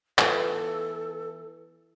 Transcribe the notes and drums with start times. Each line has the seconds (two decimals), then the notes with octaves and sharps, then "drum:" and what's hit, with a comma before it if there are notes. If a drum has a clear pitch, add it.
0.18 E3 B3 F4 A4, drum: clap